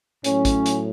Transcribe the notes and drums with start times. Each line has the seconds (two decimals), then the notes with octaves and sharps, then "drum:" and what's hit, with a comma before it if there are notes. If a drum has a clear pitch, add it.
0.24 A2 F#3 C#4, drum: hi-hat
0.45 drum: kick A1, hi-hat
0.66 drum: hi-hat